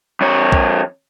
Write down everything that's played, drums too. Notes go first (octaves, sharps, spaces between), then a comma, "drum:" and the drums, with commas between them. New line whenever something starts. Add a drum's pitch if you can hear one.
F2 C#5
drum: kick A#1